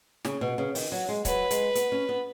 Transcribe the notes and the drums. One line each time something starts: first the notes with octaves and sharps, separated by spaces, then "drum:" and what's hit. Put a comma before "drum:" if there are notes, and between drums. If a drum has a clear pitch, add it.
C#3, drum: snare
B2
C#3
D#3, drum: open hi-hat
F#3
G#3
F#3 B4, drum: kick C#1, hi-hat
G#3, drum: hi-hat
B3, drum: hi-hat
C#4
B3